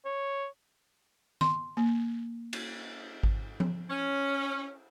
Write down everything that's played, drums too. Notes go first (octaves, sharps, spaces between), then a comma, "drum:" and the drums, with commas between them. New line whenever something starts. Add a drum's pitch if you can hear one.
C#5
C6, drum: tom D#3
A#3
drum: cymbal
drum: kick G#1
drum: tom F3
C#4